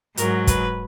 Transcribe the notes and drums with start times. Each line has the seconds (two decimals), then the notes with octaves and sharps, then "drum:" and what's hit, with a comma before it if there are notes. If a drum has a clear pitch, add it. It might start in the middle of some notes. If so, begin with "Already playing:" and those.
0.17 G#2 F#3 A#4, drum: hi-hat
0.47 B4, drum: kick, hi-hat